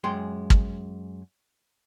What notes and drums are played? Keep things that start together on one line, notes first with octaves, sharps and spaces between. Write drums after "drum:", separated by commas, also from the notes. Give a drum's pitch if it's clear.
F#2 G#3 G5 C6
drum: kick